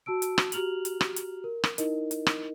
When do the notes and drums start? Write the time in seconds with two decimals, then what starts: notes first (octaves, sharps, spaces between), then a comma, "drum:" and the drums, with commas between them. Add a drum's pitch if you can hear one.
0.06 F#4 A5 E6 D7
0.22 drum: hi-hat
0.38 drum: rim click
0.52 F#4 G4 A#5 F6 F7 F#7, drum: hi-hat
0.85 drum: hi-hat
1.01 drum: rim click
1.16 drum: hi-hat
1.44 A#4
1.64 drum: rim click
1.78 D#4 E4 A#4 D#5, drum: hi-hat
2.11 drum: hi-hat
2.27 drum: rim click